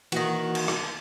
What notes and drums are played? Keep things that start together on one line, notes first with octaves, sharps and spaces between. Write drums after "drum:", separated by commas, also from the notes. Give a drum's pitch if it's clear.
D#3 E3 A#3 F#4 F#5, drum: cymbal
drum: cymbal
drum: rim click